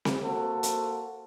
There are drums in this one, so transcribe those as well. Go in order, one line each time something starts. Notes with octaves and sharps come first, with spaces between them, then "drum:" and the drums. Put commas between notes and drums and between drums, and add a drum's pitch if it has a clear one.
drum: snare C4
A#3 F#4 A4 A#4 C5
drum: hi-hat